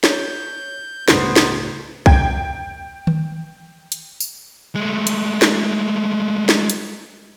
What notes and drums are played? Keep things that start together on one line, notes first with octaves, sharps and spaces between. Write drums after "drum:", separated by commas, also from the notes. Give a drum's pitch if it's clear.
C#5 G6, drum: snare
G1 C#2 A2 B3 C5, drum: snare
drum: snare
G5 G#6, drum: kick
drum: tom D#3
drum: hi-hat
drum: tambourine
G#3 A3
drum: hi-hat
drum: snare
drum: snare
drum: hi-hat